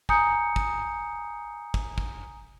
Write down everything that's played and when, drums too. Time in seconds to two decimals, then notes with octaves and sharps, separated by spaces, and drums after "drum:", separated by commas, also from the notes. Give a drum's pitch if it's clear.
0.09 G#5 A#5 D#6 G6 C#7, drum: kick
0.56 drum: kick
1.74 drum: kick
1.98 drum: kick